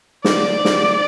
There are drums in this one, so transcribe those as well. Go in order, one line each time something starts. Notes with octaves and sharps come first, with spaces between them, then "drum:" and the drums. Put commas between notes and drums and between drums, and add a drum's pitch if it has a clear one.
D5, drum: snare
drum: snare